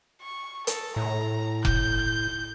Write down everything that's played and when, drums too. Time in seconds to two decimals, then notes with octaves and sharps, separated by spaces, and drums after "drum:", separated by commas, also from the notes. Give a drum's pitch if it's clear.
0.22 C#6
0.67 A4, drum: hi-hat
0.96 A2 A#5
1.65 G6, drum: kick F1